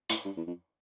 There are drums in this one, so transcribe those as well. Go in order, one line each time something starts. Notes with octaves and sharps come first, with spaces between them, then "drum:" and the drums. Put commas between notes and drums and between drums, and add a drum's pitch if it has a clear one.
A2, drum: hi-hat
G2
E2
F2